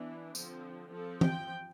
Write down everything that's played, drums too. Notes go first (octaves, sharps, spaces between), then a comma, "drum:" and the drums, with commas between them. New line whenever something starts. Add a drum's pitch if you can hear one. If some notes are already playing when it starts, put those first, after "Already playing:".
Already playing: E3 B3 D4
D3 F3 C4, drum: tambourine
F3 C4 A4
G5, drum: tom E3